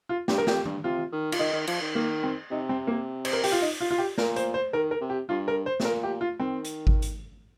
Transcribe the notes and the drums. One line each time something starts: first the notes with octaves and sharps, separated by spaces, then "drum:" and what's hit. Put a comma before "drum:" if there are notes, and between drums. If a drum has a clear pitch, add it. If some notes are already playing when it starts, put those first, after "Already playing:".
F4
G2 G4, drum: snare
A#4
F2 G4, drum: snare
G2, drum: tom D#3
C3 F4
D#3
F4, drum: cymbal
D#3 D#4
D#3
F3, drum: cymbal
D#3
D#3 A#3
C4
C3 D#4
C4
A#3
C5, drum: cymbal
A#4
G4, drum: open hi-hat
F4
D#4
F4
F4
G4
A#2 A#4, drum: snare
C5, drum: hi-hat
C5
D#3 A#4
A#4
C3
G4
G2 F4
A#4
C5
C3, drum: snare
A#2 A#4
G4
F4
D#3 C4
drum: hi-hat
drum: kick G#1
drum: hi-hat